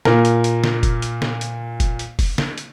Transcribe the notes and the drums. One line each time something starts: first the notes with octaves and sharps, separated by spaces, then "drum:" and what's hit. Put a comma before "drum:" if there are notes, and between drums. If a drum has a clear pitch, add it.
A#2 A#4, drum: snare
drum: hi-hat
drum: hi-hat
drum: snare
drum: kick, hi-hat
drum: hi-hat
drum: snare
drum: hi-hat
drum: kick, hi-hat
drum: hi-hat
drum: kick, open hi-hat
drum: snare
drum: hi-hat